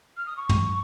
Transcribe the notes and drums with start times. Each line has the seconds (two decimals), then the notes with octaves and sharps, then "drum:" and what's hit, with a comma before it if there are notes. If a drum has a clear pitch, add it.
0.17 F6
0.26 D#6
0.37 C#6
0.49 drum: tom